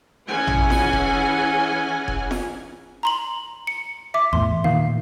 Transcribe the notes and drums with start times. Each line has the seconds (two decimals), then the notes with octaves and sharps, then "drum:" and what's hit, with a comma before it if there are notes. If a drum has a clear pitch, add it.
0.28 E3 C#4 E4 G#4 F#5 G#5
0.47 drum: tom
0.70 drum: snare
0.93 drum: kick F1
2.08 drum: kick F1
2.31 drum: snare
3.03 A#5 C6 F#7
3.67 C#7
4.14 E5 D6
4.33 E2 A2 C6
4.64 A#2 D#3 F5